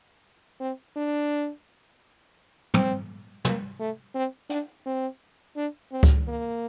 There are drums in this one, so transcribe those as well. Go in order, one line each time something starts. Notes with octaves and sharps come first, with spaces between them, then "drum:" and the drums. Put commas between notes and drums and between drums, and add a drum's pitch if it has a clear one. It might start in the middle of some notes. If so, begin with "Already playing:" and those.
C4
D4
C4, drum: tom
A#3, drum: tom
A3
C4
D4, drum: hi-hat
C4
D4
C4
drum: kick C#2
A#3